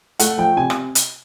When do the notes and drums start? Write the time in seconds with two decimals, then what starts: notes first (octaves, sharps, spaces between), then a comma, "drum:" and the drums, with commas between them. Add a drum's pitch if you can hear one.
0.19 A3 F#5, drum: hi-hat
0.38 F3 G5
0.57 C3 G#5
0.70 drum: rim click
0.95 drum: hi-hat